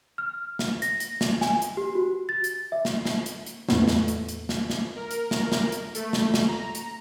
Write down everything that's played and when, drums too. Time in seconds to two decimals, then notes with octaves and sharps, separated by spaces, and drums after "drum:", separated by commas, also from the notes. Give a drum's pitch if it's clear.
0.18 F6
0.59 drum: snare
0.82 A#6, drum: hi-hat
1.00 drum: hi-hat
1.21 drum: snare
1.41 G#5, drum: snare
1.62 drum: hi-hat
1.77 G4
1.95 F#4
2.29 A6
2.44 drum: hi-hat
2.72 E5
2.85 drum: snare
3.05 drum: snare
3.26 drum: hi-hat
3.47 drum: hi-hat
3.69 E2 A2 A3 B3, drum: snare
3.88 drum: snare
4.08 drum: hi-hat
4.29 drum: hi-hat
4.49 drum: snare
4.70 drum: snare
4.96 A#4
5.11 drum: hi-hat
5.31 drum: snare
5.52 drum: snare
5.72 drum: hi-hat
5.95 A3, drum: hi-hat
6.13 drum: snare
6.34 drum: snare
6.48 A#5
6.75 drum: hi-hat